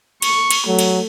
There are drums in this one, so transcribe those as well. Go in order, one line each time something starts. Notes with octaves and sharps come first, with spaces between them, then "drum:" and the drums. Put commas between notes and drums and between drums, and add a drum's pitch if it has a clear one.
C#6, drum: cymbal
drum: cymbal
F#3 A3
drum: cymbal